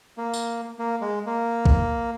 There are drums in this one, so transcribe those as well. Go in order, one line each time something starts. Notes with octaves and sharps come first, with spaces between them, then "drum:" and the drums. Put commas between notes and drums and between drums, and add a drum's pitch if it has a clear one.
A#3
drum: tambourine
A#3
G#3
A#3
drum: kick